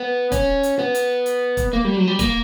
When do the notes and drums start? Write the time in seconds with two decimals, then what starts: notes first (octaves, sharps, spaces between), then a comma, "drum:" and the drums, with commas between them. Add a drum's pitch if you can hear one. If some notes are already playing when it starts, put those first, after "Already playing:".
Already playing: B3
0.32 C#4, drum: kick, hi-hat
0.63 drum: hi-hat
0.79 B3
0.95 drum: hi-hat
1.26 drum: hi-hat
1.57 drum: kick, hi-hat
1.73 A#3
1.85 G3
1.97 F#3
2.08 G3
2.19 A#3, drum: kick, hi-hat